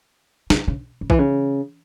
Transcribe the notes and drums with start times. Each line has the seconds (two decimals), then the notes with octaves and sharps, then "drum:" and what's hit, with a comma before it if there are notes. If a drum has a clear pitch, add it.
0.50 C#3, drum: snare
0.68 C#3
1.01 C#3
1.10 E3, drum: kick B1
1.19 C#3